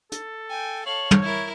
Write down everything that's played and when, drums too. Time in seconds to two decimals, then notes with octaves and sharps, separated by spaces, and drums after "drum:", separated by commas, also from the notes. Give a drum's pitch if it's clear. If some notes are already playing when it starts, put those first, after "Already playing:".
0.12 A4, drum: hi-hat
0.50 G5 G#5
0.86 A4 C#5 F5 F#7
1.11 drum: tom
1.22 E4 A#4 G#6